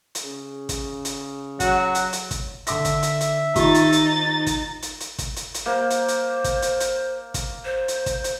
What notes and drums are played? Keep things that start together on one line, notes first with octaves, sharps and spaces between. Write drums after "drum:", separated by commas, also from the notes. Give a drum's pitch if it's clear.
drum: hi-hat
C#3
drum: kick, hi-hat
drum: hi-hat
F#3 F#4, drum: kick, hi-hat
drum: hi-hat
drum: hi-hat
drum: kick, hi-hat
D3 E5 D6 A#6, drum: hi-hat
drum: kick, hi-hat
drum: hi-hat
drum: hi-hat
D#3 D#4 F4 G4 C#6 A6, drum: kick, hi-hat
drum: hi-hat
drum: hi-hat
drum: kick, hi-hat
drum: hi-hat
drum: hi-hat
drum: kick, hi-hat
drum: hi-hat
drum: hi-hat
A#3 C5
drum: hi-hat
drum: hi-hat
drum: kick, hi-hat
drum: hi-hat
drum: hi-hat
drum: kick, hi-hat
C5
drum: hi-hat
drum: kick, hi-hat
drum: hi-hat